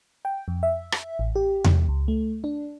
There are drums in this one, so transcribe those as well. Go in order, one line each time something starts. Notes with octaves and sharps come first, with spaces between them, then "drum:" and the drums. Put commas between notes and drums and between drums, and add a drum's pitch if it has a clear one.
G5
F2
E5
drum: rim click
A1
G4
drum: tom E2
C#2
A3
D4